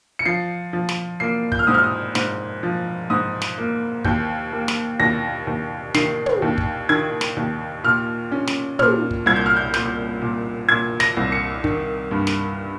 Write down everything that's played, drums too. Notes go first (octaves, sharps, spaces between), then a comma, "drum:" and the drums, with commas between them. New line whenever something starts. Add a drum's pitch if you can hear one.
C#7
F3 C7
F3
drum: snare
A#3 C7
G6, drum: kick
F6
G#2 D#6
F6
D#6
G#2, drum: snare
F3
G#2 D#6
drum: snare
A#3
D#2 G6, drum: kick
A#3
drum: snare
D#2 A#6
D#2
D#3 C7, drum: snare
drum: tom
D#2
drum: kick
D#3 G#6
drum: snare
D#2
A#2 F6
C#4
drum: snare
A#2 F6, drum: tom
drum: kick
C2 G#6
G6
F6
G6
A#2 G6, drum: snare
A#2
A#2 G#6
A#6, drum: snare
C2
C#7
D#3, drum: kick
G2
drum: snare